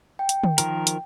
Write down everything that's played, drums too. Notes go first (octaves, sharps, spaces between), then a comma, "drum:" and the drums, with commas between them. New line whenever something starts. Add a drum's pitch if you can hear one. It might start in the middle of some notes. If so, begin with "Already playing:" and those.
G5
drum: hi-hat
drum: tom
D#3 F3 A#4, drum: hi-hat
drum: hi-hat